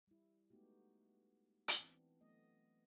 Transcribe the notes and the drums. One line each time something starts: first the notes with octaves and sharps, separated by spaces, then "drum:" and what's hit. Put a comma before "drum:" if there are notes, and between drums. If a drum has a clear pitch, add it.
G3 E4
G#3 A3 B3 D#4 F#4 G4
drum: hi-hat
E3 B3 C4 D4 E4
F#3 A3 B3 D#5